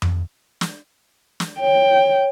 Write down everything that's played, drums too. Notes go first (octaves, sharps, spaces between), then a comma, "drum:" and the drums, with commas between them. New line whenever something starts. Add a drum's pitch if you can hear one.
drum: tom F2
drum: snare
drum: snare
C#5 G5